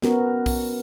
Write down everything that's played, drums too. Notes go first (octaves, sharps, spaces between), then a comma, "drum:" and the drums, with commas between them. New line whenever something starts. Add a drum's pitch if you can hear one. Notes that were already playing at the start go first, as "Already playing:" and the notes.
B3 C#4 F#4 A#4, drum: snare
drum: kick B1, open hi-hat